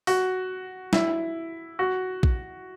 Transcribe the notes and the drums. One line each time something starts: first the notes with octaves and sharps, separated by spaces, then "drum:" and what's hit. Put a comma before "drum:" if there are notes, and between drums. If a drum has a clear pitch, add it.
F#4, drum: open hi-hat
E4, drum: snare
F#4
drum: kick A#1